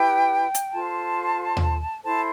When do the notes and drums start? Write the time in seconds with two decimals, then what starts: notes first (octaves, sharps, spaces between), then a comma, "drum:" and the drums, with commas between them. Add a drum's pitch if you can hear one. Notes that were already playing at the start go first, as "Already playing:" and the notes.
Already playing: E4 G4 B4 G5
0.54 drum: hi-hat
0.72 F4 A4 C5 A5
1.57 drum: tom D#2
2.03 E4 A4 C5 A5